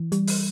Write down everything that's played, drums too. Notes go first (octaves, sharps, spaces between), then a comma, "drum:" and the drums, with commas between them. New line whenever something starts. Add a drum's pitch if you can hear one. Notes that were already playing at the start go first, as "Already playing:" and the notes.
Already playing: E3
G3, drum: hi-hat
drum: open hi-hat